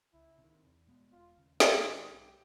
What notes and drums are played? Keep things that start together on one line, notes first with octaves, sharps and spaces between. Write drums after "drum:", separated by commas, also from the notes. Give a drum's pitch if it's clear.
C#2 E4
C3 D#3
E2
B2 G#3 B3
E1 F4
D#2 C#3
A1 F#4, drum: snare
G#2 D#3 G#3
B1 G4